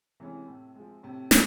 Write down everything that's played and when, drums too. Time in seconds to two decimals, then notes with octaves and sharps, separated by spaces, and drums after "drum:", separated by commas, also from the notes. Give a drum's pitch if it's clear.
0.20 C3 E3 G#3 C#4 E4
0.47 A2
0.75 F3 G#3
1.03 A2 C3
1.31 F3 G#3, drum: snare